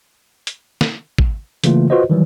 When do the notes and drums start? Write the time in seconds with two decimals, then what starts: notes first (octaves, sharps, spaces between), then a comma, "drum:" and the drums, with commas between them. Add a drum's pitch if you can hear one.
0.47 drum: hi-hat
0.81 drum: snare
1.18 drum: kick
1.64 C#3 E3 A3 A#3 F4, drum: hi-hat
1.90 F4 F#4 B4 C5 D#5
2.10 D#3 E3 F#3 G3